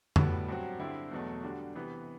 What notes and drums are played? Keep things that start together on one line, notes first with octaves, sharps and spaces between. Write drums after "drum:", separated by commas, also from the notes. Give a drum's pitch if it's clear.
A2 G3 B3 F#4, drum: tom F2
G2 F#3 C4 F#4
G2 D3 G3 C4 E4
E2 B2 F#3 A3
D3 G3 D4 F#4
C3 E3 B3